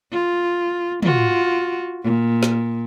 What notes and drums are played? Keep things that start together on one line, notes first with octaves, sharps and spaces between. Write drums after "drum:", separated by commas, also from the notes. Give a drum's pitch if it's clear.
F4
F4 F#4, drum: tom
A#2
drum: snare